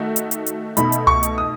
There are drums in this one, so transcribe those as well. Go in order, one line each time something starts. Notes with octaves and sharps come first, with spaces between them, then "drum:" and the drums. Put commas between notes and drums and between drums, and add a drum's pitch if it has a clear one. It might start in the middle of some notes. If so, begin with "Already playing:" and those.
Already playing: D#3 A3 D#4 F#4
drum: hi-hat
drum: hi-hat
drum: hi-hat
B2 A3 D#4 B5, drum: hi-hat
drum: hi-hat
C#6, drum: tom C2
drum: hi-hat
D#6